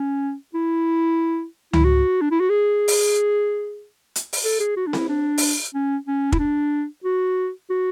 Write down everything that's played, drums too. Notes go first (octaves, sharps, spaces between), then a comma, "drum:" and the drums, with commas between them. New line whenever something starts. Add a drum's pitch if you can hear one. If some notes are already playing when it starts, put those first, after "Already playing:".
Already playing: C#4
E4
E4, drum: tom C#2
F#4
D4
E4
F#4
G#4
drum: open hi-hat
drum: hi-hat
drum: open hi-hat
A4
G#4
F#4
D4
E4, drum: snare C4
D4
drum: open hi-hat
C#4
C#4
E4, drum: kick
D4
F#4
F#4